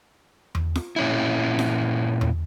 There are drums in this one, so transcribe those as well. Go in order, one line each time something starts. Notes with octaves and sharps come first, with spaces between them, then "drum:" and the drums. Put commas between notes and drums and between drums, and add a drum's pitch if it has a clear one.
drum: tom E2
drum: snare
A#2 C#4 E4
drum: snare
drum: tom E2